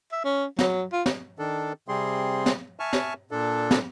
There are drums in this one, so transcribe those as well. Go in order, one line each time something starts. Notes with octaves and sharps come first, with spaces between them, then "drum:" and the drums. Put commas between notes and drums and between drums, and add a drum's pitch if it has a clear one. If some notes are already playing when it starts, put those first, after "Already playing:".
E5
C#4
F#3, drum: snare
F4
drum: snare
D#3 D4 A4
C3 G3 C4 G#4 C6
drum: snare
E5 G#5 A5 C#6 F6
drum: snare
A#2 D4 A4
drum: snare